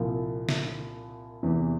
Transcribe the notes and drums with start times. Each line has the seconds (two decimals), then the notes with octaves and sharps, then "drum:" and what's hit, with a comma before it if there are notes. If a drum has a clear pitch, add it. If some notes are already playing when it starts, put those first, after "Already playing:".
Already playing: C2 A#2 F3
0.49 drum: snare
1.43 E2 C3 E3